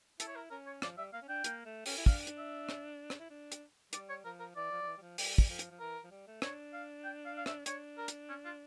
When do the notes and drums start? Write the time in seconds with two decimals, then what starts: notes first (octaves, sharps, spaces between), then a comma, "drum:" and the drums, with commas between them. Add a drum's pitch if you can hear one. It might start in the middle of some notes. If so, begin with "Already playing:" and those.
0.20 E4 A4, drum: hi-hat
0.28 C#5
0.35 A#4
0.50 C#4 A#4
0.66 C#5
0.82 F3 D5, drum: rim click
0.97 G3 E5
1.13 A#3 F5
1.22 C#4
1.29 D4 G5
1.44 A#3, drum: hi-hat
1.65 A3
1.86 C#4, drum: open hi-hat
1.97 E4
2.06 D4 F5, drum: kick
2.27 drum: hi-hat
2.38 E5
2.69 drum: rim click
3.10 drum: rim click
3.19 E4
3.30 D4
3.52 drum: hi-hat
3.93 G3 D5, drum: hi-hat
4.09 C#5
4.24 F3 A#4
4.39 A#4
4.55 E3 D5
4.71 F3
4.82 F3
4.86 E3
4.98 G3
5.01 F3
5.18 G3, drum: open hi-hat
5.38 drum: kick
5.49 F3
5.59 drum: hi-hat
5.71 F3
5.79 E3 A#4
6.04 F3
6.11 G3
6.27 A3
6.42 D4 C#5, drum: rim click
6.73 F5
7.04 G5
7.25 F5
7.37 F5
7.46 E5, drum: rim click
7.66 D4 C#5, drum: hi-hat
7.97 A#4
8.08 drum: hi-hat
8.29 C#4
8.45 F4